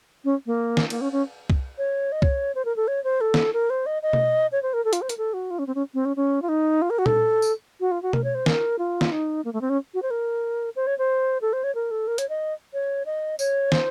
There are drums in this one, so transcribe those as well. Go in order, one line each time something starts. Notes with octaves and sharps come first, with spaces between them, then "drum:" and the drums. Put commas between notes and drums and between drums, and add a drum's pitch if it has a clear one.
C#4
A#3
drum: snare
A#3, drum: cymbal
C#4
C#4
drum: kick C2
C#5
D#5
C#5, drum: kick C2
C5
A#4
A4
C#5
C5
A4
drum: snare
A#4
C5
D#5
D#5
drum: tom B2
C#5
C5
A#4
A4
F4, drum: hi-hat
C5
A#4, drum: hi-hat
A4
F#4
F4
C#4
C4
C#4
C4
C#4
C#4
F4
D#4
F4
A#4
F#4
A4, drum: tom A#2
drum: tambourine
F#4
F4
F#4
A#4, drum: tom B2
C#5
C5
A#4, drum: snare
F4
drum: snare
D#4
A#3
A3
C4
C#4
F#4
C5
A#4
C5
C#5
C5
A4
C5
C#5
A#4
A4
A#4
C#5, drum: hi-hat
D#5
C#5
D#5
C#5, drum: tambourine
C5, drum: snare